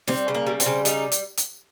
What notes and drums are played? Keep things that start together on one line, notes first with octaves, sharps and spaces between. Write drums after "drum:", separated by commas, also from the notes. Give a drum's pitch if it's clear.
G3 C4, drum: snare
C#3
A#3
G3
C4, drum: hi-hat
C#3
G3 D#4, drum: hi-hat
drum: hi-hat
drum: hi-hat